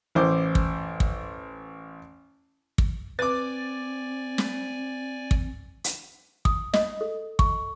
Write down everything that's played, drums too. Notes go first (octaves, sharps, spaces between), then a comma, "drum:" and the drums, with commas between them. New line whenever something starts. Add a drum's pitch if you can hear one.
A1 C5 D6
drum: kick
drum: kick
drum: kick
C4 B4 D5 G#5 D6 A6
drum: snare
drum: kick
drum: hi-hat
D#6, drum: kick
D#5, drum: snare
A4
C#6, drum: kick